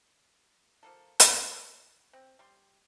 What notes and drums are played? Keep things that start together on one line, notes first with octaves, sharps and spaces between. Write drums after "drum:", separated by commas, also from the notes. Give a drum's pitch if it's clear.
F3 A#3 A4
C5 C#6, drum: hi-hat
C4
G3 C6